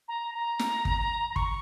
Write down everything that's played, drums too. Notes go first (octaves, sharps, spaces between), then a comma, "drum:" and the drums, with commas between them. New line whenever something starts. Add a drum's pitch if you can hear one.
A#5
A#5
drum: snare
drum: kick
A#5
C#6, drum: kick